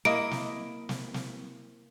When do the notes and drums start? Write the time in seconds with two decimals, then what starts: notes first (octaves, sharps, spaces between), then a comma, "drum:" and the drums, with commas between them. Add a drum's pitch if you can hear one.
0.05 A#3 E4 D#5 D7
0.31 drum: snare
0.89 drum: snare
1.14 drum: snare